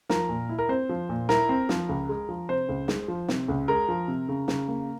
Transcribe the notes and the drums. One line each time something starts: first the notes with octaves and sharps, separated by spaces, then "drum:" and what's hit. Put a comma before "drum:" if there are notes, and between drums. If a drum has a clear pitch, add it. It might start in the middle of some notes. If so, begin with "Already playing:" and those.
F3 A#4, drum: snare
A#2
E4
A#4
C4 C5
F3
A#2
E4 A#4, drum: snare
C4
F3, drum: snare
C#2
G#3
F3
C3 C5
C#2
G#3, drum: snare
F3
C3, drum: snare
C#2
G#3 A#4
F3
C3
C#3
C#3, drum: snare
A#3